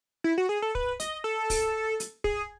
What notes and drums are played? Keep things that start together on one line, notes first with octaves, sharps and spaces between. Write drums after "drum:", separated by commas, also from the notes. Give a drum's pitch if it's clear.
E4
F#4
G#4
A4
B4, drum: kick
D#5, drum: hi-hat
A4
drum: kick, open hi-hat
drum: hi-hat
G#4, drum: kick